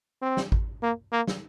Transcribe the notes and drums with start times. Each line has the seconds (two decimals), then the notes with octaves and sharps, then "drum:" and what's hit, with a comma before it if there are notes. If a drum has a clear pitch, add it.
0.22 C4
0.37 drum: snare
0.52 drum: kick G#1
0.83 A#3
1.12 A#3
1.27 drum: snare